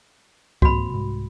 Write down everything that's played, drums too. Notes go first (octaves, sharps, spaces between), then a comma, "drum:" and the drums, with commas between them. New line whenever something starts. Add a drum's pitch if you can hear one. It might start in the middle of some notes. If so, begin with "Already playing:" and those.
G#2 A#3 C4 F#4 B5, drum: kick C2
C2 G#2